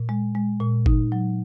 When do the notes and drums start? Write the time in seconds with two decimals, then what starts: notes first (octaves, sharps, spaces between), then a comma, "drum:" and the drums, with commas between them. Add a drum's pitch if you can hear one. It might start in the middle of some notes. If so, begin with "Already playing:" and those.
Already playing: A#2
0.09 G#3
0.35 G#3
0.60 A#2
0.86 D#4, drum: kick G1
1.12 F#3